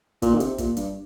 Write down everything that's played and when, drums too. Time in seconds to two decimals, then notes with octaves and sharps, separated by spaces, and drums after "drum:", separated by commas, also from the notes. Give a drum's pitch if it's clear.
0.22 A#2, drum: kick, hi-hat
0.34 D#3
0.40 C3, drum: hi-hat
0.58 A#2, drum: kick, hi-hat
0.77 G2, drum: hi-hat